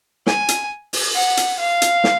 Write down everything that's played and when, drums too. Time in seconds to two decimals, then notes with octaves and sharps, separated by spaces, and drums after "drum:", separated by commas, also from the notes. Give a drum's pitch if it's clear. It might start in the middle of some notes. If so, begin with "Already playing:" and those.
0.27 G#5, drum: snare
0.48 drum: hi-hat
0.93 drum: open hi-hat
1.15 F#5
1.37 drum: hi-hat
1.59 F5
1.82 drum: hi-hat
2.04 drum: snare